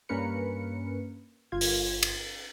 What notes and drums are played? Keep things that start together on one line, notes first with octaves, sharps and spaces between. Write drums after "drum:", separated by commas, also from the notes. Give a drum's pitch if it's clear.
G2 A#3 C#4 A#4 B4 C#7
G1 F4 G#6
drum: open hi-hat
drum: cymbal